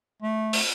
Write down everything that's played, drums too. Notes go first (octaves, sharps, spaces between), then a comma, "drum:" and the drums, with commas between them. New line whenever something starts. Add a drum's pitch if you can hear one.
A3
drum: open hi-hat